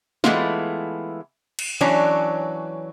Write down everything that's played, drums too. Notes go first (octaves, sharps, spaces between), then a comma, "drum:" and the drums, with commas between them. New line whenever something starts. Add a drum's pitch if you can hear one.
E3 G#3 A3 B3 E4 F4, drum: snare
drum: cymbal
E3 F#3 C#4 D4 C#5